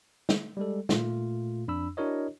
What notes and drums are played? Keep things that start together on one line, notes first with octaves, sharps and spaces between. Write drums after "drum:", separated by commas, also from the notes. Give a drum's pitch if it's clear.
drum: snare
G3 G#3 A4
A#2 A3 F4, drum: snare
F2 D4 B5 E6
D4 E4 F#4 A#4 C#5 D#5